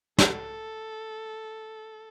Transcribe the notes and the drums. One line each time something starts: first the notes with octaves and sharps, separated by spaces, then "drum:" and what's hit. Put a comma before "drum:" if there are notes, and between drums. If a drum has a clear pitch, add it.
A4, drum: snare